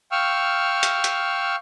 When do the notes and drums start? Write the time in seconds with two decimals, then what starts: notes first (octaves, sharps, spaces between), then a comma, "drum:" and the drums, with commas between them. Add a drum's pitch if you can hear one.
0.12 F5 G5 C#6 E6 F6
0.83 drum: hi-hat
1.04 drum: hi-hat